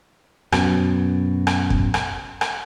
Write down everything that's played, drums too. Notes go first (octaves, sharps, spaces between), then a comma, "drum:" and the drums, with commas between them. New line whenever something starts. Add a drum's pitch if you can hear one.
F#2 B2, drum: rim click
drum: rim click
drum: kick
drum: rim click
drum: rim click